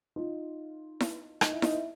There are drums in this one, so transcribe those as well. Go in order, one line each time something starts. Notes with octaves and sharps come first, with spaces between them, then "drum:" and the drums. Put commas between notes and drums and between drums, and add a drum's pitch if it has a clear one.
D#4 F4
drum: snare E4
D#4, drum: rim click
E4
D#4, drum: snare E4
E4